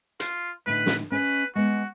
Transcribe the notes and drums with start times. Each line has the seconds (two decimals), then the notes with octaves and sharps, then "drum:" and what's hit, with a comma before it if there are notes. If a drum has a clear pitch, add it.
0.20 F4, drum: hi-hat
0.67 A2 D3 D#4 B4
0.86 drum: snare
1.12 C#4 B4 C#5 D#5
1.56 G#3 B3 F#4